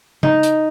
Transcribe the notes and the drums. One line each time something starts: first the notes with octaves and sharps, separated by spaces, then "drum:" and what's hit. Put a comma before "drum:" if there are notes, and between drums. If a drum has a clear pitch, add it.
D#4, drum: tom
drum: hi-hat